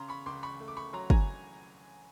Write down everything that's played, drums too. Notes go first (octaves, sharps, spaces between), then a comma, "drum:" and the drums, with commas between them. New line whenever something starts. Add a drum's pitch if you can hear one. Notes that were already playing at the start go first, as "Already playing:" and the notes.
Already playing: C#3 A#5 C6
B5 C#6
C#2 C6 D6
B5 C#6
A3
D6
B5 C#6
F#3 A#5 C6
G#5 A#5, drum: kick